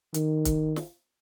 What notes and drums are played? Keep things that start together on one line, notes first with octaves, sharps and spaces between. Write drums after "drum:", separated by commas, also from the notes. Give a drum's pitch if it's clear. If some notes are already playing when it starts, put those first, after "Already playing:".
D#3, drum: hi-hat
drum: kick, hi-hat
drum: snare